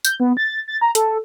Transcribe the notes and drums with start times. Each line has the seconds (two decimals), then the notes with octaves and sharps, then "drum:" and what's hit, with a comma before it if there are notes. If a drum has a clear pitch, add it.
0.05 G6, drum: tambourine
0.20 B3
0.37 A6
0.68 A6
0.81 A#5
0.95 A4, drum: hi-hat